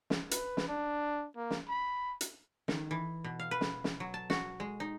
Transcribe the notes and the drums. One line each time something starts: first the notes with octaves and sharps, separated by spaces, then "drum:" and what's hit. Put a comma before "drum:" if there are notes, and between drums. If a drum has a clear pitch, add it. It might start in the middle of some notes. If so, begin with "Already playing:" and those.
drum: snare
B4, drum: hi-hat
drum: snare
D4
A#3
drum: snare
B5
drum: hi-hat
D#3, drum: snare
E3
B2
F5
B4
drum: snare
drum: snare
F#3
A5
F#4, drum: snare
G#3
D#4